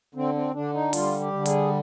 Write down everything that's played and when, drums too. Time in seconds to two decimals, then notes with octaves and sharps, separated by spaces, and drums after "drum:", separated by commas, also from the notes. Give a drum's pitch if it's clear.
0.15 D3 C4
0.34 C4
0.53 D3 D4
0.74 D#4
0.93 G3 F4, drum: open hi-hat
1.20 G4
1.33 D3
1.46 G#4, drum: hi-hat